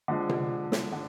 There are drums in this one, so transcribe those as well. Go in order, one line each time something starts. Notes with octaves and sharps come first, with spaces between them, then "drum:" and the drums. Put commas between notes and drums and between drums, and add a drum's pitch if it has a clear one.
D3 F3 G#3
drum: tom C3
drum: snare
D3